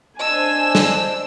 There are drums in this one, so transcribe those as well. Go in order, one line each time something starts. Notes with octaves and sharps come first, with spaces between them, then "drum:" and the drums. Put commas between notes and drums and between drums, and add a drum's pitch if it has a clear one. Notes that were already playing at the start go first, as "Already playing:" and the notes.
D4 C5 D#5 G#5 A5 E6
drum: snare